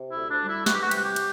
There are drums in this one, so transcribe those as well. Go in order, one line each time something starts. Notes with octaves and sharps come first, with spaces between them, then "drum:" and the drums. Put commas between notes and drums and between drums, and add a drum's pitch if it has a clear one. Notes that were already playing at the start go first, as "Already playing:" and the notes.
Already playing: C3
E4
D2
D4
G3
E4
E3 F#4, drum: snare
G4
F#4
G4
C3 F#4, drum: cymbal
G4
drum: cymbal